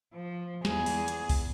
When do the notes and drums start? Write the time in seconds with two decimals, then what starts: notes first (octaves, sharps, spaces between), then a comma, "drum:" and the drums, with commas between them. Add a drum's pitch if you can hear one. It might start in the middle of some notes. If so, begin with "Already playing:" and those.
0.14 F3
0.65 E2 G#4, drum: snare
0.86 drum: open hi-hat
1.08 drum: hi-hat
1.29 drum: kick C2, open hi-hat